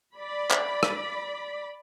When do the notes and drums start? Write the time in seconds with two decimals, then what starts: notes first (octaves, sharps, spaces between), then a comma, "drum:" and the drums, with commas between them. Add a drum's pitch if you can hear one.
0.16 D5 B5
0.51 drum: clap
0.83 drum: rim click